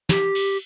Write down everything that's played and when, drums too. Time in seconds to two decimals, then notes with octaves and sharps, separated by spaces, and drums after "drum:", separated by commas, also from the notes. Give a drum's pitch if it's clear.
0.09 G4, drum: snare
0.35 drum: cymbal